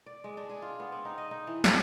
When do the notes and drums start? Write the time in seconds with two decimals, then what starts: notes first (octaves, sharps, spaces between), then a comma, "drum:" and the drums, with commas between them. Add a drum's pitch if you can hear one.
0.06 D5
0.24 G#3
0.37 D4
0.49 G#4
0.62 F4
0.80 B3
0.92 C4
1.05 D#4
1.18 D#5
1.31 D#4
1.47 E3
1.64 G#4, drum: snare